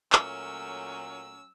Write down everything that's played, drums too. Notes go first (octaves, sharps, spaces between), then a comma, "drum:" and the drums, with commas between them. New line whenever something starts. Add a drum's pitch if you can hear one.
A#2 F#3 A3 C#4 E6, drum: clap